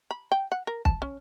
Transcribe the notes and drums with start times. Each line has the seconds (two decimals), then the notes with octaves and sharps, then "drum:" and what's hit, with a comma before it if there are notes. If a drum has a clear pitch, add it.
0.11 B5
0.32 G5
0.52 F#5
0.67 A#4
0.85 A5, drum: kick
1.02 C#4